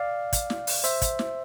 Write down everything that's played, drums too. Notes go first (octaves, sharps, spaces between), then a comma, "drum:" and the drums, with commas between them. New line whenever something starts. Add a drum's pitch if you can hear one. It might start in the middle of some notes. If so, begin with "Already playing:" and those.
Already playing: D5 F5
drum: kick, hi-hat
drum: snare
drum: open hi-hat
C5 E5, drum: hi-hat
drum: kick, hi-hat
drum: snare